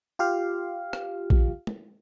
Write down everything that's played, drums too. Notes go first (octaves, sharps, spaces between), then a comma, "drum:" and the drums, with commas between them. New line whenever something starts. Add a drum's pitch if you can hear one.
F4 G4 F5
drum: rim click
drum: kick A#1
drum: tom